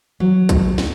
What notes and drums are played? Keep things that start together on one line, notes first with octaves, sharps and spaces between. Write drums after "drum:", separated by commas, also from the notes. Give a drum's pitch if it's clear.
F#3, drum: tom D#3
drum: kick, hi-hat
drum: snare